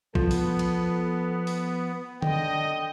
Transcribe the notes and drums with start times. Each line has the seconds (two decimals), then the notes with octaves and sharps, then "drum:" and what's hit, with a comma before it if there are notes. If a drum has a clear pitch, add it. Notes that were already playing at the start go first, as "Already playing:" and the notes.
0.15 F3 B3 A4, drum: kick A#1
0.31 drum: open hi-hat
0.59 drum: cymbal
1.47 drum: open hi-hat
2.22 D3 D#5 G5, drum: tom D3